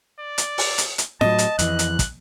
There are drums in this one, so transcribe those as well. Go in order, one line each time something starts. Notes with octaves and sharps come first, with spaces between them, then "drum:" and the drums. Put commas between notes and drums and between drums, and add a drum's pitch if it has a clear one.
D5
drum: hi-hat
drum: open hi-hat
drum: hi-hat
drum: hi-hat
A2 F#3 D#5 A5, drum: snare
drum: hi-hat
F2 E3 F#6, drum: hi-hat
drum: hi-hat
drum: kick, hi-hat